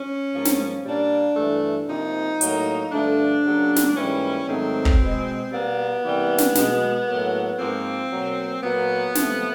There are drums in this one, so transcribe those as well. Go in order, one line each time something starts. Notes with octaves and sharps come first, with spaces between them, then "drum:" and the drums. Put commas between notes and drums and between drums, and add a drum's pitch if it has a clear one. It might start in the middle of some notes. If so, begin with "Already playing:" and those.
Already playing: C#4
G#2 F3 A#3
drum: snare
A#2 G3 A#3 D4
G2 E3 A3
C3 F3 A#3 D#4
A2 F#3 A#3, drum: hi-hat
G2 D3 F3 A3 D4
C#3 F#3 A#3
drum: snare
G#2 E3 G3 A#3 C#4
G#2 D#3 F#3 A3 C4
drum: kick
B2 G#3
B2 G3 A#3 B3
C3 E3 G3 A#3
drum: snare
B2 G#3, drum: snare
A2 F#3 A#3
G#2 F3 A#3 C4
B2 F#3 A#3
A#2 F#3 A#3 B3
C3 F3 A3, drum: snare